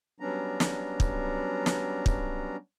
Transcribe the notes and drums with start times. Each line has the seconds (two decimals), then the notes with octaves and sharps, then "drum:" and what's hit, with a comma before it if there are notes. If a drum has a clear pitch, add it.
0.20 F#3 G3 B3 C#4 D4 A#5
0.60 drum: snare
1.00 drum: kick
1.66 drum: snare
2.06 drum: kick